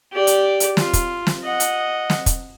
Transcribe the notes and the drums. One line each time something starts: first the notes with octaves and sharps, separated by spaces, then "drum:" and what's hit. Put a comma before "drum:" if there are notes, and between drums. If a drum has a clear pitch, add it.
G4 D5
drum: hi-hat
drum: hi-hat
F4, drum: snare
drum: kick, hi-hat
drum: snare
D#5 F#5
drum: hi-hat
drum: snare
drum: kick, hi-hat